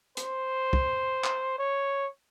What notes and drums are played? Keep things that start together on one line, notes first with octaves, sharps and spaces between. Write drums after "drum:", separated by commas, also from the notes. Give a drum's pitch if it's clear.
C5, drum: hi-hat
drum: kick
drum: clap
C#5